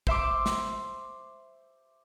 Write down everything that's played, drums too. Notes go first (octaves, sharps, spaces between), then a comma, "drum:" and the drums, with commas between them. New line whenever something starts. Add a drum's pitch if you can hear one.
C5 E5 C6 D6, drum: kick
drum: snare